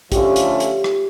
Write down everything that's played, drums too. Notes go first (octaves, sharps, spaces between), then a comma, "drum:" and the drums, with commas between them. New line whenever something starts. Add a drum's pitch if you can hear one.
D3 F3 A3 C#4 F4 G4, drum: kick, hi-hat
drum: hi-hat
drum: hi-hat
drum: rim click